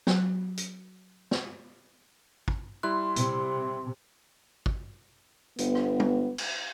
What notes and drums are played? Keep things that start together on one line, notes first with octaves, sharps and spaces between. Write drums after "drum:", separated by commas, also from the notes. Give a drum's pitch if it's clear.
F#3, drum: snare
drum: hi-hat
drum: snare
drum: kick
G3 E4 C6 F#6
C3, drum: hi-hat
drum: kick
G1 B3, drum: hi-hat
drum: rim click
drum: tom G3
drum: cymbal